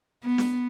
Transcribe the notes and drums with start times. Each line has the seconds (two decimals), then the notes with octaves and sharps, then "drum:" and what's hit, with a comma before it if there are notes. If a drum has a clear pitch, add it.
0.25 B3
0.38 drum: snare